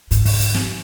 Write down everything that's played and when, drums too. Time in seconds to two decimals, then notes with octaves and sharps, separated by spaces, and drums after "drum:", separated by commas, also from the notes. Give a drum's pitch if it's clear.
0.11 G#2, drum: hi-hat
0.25 drum: kick, open hi-hat
0.40 drum: hi-hat
0.54 drum: snare